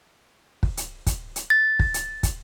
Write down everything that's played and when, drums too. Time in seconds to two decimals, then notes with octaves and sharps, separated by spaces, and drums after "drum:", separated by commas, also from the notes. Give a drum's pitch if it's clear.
0.63 drum: kick
0.77 drum: hi-hat
1.07 drum: kick, hi-hat
1.36 drum: hi-hat
1.50 A6
1.79 drum: kick
1.94 drum: hi-hat
2.23 drum: kick, hi-hat